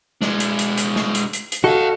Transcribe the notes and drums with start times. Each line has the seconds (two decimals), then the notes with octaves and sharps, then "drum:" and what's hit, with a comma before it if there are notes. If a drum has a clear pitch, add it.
0.22 G#3 D4, drum: snare
0.40 drum: hi-hat
0.59 drum: hi-hat
0.77 drum: hi-hat
0.96 drum: snare
1.15 drum: hi-hat
1.33 drum: hi-hat
1.52 drum: hi-hat
1.64 F#4 A4 D#5 F5